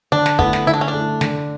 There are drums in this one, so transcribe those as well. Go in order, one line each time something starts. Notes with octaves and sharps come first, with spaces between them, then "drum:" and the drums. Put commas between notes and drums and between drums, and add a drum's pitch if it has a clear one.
D3 D4
drum: snare
A3 B3 E4, drum: kick
drum: snare
D3 E4
D4
C#4
D4
A3 E4
D3, drum: snare